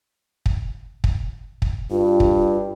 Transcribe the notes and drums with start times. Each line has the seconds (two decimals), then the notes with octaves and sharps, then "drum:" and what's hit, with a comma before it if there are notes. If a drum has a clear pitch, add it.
0.46 drum: kick
1.04 drum: kick
1.62 drum: kick
1.91 G2 F4
2.20 drum: kick